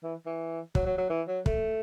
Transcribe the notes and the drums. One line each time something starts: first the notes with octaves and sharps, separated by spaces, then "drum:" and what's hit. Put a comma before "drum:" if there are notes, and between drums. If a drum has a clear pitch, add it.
E3
E3
F#3, drum: kick
F#3
F#3
E3
F#3
A3, drum: kick